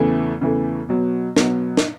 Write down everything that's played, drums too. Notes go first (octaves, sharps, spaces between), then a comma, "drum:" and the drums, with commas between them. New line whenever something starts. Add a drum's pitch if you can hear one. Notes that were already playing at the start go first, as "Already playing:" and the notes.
Already playing: E2 C#3 E3 A3
E2 C#3 E3 A3
B2 F#3 B3
B2 F#3 B3, drum: snare
drum: snare